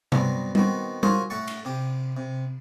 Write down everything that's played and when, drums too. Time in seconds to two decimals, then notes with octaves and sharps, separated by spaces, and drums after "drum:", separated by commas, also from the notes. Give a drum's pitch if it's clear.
0.12 G2 F#3 B3 C4, drum: tom C3
0.55 D#3 B3 C4 F#4, drum: tom G3
1.03 F4 F#4 G#4 A#4 C5 C#5, drum: tom G3
1.30 A2 A3 F#5 A5 C#6
1.48 drum: cymbal
1.65 C3 G4
2.17 C3